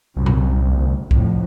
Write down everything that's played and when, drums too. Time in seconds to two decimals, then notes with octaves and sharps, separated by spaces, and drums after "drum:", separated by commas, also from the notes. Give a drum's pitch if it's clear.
0.17 C2 F#2
0.26 drum: tom A#2
0.67 D2
1.11 C2 F2 A2, drum: kick B1